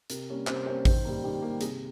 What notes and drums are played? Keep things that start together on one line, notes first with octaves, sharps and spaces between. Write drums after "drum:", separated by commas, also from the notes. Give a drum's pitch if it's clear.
C3 A#4, drum: hi-hat
G3 A#3 C#4
C3 C5, drum: clap
G3 A#3 C#4 C5
D#3 C5, drum: kick A1, open hi-hat
G3 A#3
D#3 G4
G3 A#3
C3 G#4, drum: hi-hat